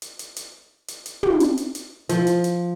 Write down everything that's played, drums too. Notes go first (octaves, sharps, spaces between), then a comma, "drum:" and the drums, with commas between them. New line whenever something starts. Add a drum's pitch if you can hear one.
drum: hi-hat
drum: hi-hat
drum: hi-hat
drum: hi-hat
drum: hi-hat
drum: tom
drum: hi-hat
drum: hi-hat
drum: hi-hat
F3, drum: hi-hat
drum: hi-hat
drum: hi-hat